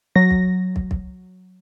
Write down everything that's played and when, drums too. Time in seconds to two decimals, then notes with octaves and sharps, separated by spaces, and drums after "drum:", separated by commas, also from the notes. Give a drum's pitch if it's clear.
0.16 F#3 A#6
0.31 drum: kick
0.76 drum: kick
0.91 drum: kick